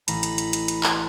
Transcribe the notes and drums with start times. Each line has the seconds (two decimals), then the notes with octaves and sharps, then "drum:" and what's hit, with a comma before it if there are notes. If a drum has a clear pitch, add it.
0.08 A1 A#5 B5, drum: hi-hat
0.23 drum: hi-hat
0.38 drum: hi-hat
0.53 drum: hi-hat
0.68 drum: hi-hat
0.83 drum: clap